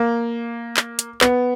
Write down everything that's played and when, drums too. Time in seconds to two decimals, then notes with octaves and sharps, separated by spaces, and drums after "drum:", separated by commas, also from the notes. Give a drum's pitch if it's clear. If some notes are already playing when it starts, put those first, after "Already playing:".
Already playing: A#3
0.77 drum: clap
0.99 drum: hi-hat
1.21 B3, drum: clap